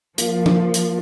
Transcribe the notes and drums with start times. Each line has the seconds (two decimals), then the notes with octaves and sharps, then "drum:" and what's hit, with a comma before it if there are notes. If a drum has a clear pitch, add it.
0.18 F3 A#3 F4, drum: hi-hat
0.46 drum: tom F3
0.74 drum: hi-hat